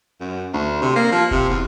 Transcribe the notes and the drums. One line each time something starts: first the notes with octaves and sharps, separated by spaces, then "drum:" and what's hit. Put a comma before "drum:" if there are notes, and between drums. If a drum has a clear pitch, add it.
F#2
D2
C3
A#3
F3
C3, drum: kick F1
E2